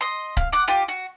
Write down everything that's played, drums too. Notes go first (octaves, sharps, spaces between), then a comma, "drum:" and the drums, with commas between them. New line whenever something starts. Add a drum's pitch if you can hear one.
D#5 C6
F5, drum: kick C#1
F#5 D6
F4 G4
F#4